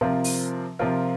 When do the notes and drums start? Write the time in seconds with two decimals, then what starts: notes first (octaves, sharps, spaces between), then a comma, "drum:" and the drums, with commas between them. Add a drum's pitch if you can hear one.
0.01 C3 F3 C4 F4 A#4
0.24 drum: open hi-hat
0.79 C3 F3 C4 F4 A#4